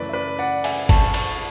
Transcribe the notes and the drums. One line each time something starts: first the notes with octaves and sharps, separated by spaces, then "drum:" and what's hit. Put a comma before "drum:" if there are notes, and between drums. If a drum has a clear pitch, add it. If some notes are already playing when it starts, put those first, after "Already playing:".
Already playing: F#2 C#3 E3 A3 B4 D5
E5
B4 D5
D5 F#5
E5 G#5, drum: cymbal
A5 C#6, drum: kick G1, cymbal
A5 C#6, drum: cymbal